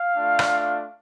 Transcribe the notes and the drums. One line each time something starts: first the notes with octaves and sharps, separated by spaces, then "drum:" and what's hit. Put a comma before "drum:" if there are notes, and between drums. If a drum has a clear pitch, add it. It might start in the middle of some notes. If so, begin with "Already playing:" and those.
Already playing: F5
A3 D4 F4
drum: rim click